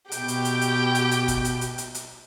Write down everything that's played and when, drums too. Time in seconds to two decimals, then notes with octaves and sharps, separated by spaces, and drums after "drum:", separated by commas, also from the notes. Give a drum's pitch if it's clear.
0.12 B2 G4 G5, drum: hi-hat
0.28 drum: hi-hat
0.45 drum: hi-hat
0.61 drum: hi-hat
0.95 drum: hi-hat
1.11 drum: hi-hat
1.28 drum: kick, hi-hat
1.45 drum: hi-hat
1.61 drum: hi-hat
1.78 drum: hi-hat
1.95 drum: hi-hat